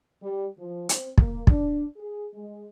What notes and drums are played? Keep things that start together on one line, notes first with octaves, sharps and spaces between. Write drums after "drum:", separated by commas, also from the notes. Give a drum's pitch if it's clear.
G3
F3
C4, drum: hi-hat
A#3, drum: kick
D4, drum: kick
G#4
G#3